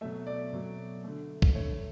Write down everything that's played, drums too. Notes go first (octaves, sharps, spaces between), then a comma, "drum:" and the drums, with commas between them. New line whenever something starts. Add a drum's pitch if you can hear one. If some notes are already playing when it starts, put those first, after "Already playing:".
B2 F#3 A3 E5
D5
B2 F#3 A3
D3 A3
drum: kick B1
D3 A3 C#5